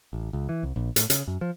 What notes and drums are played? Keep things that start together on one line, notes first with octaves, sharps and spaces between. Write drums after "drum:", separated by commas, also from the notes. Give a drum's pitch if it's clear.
A1
C#2
E3
C2
A#1
A2, drum: hi-hat
C#3, drum: hi-hat
F#2
F3